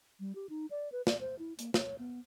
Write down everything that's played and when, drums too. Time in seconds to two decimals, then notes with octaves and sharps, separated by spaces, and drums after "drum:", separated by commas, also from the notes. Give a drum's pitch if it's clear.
0.20 G3
0.35 G4
0.49 D#4
0.71 D5
0.92 B4
1.07 D5, drum: snare
1.21 C5
1.39 E4
1.59 A#3, drum: hi-hat
1.74 C#5, drum: snare
1.99 B3